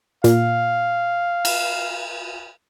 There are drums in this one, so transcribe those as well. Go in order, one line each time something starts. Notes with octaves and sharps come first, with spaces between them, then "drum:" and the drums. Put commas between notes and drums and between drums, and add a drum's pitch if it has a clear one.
A#2 F5, drum: hi-hat
drum: cymbal